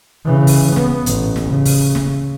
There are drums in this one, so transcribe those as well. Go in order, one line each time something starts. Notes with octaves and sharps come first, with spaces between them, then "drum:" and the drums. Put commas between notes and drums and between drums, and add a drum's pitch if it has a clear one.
C#3 E3
drum: kick, open hi-hat
B3, drum: snare
A1, drum: hi-hat
drum: snare
C#3
drum: kick, open hi-hat
drum: snare